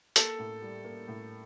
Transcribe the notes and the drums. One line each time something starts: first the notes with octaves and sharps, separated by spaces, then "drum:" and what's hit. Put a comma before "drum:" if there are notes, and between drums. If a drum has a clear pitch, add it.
A#3 A4, drum: hi-hat
A2
G3
A#3
A2